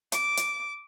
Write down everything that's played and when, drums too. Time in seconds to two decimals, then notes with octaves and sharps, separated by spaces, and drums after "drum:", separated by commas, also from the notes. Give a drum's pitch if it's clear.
0.12 D6, drum: hi-hat
0.37 drum: hi-hat